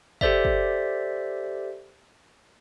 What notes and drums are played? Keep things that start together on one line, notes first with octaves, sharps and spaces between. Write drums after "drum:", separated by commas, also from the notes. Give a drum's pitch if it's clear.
G4 A4 C5 D5 E5, drum: kick
drum: kick